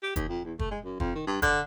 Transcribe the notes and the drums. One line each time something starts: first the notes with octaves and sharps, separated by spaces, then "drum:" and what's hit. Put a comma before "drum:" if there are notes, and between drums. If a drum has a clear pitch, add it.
G4
D#2, drum: kick, hi-hat
F2
E2
A3, drum: kick
G#3
F#2
F2, drum: kick
D#3
G2
D3, drum: kick, hi-hat